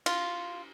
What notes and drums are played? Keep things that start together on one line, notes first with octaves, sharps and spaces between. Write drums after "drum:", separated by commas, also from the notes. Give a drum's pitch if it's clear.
F4, drum: cymbal